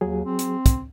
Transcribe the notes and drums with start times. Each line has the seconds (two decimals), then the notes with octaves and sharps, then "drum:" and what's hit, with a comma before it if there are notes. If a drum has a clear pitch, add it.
0.01 D#2 F#3 G#4
0.26 C4
0.39 drum: hi-hat
0.66 drum: kick, hi-hat